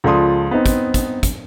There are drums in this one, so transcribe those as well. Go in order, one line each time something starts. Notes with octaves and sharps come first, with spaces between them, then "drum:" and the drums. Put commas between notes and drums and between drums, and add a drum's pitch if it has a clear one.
C#2 F3 A4 D5 C6 D#6
B3 C4 D#4
drum: kick, hi-hat
drum: kick, hi-hat
drum: kick, hi-hat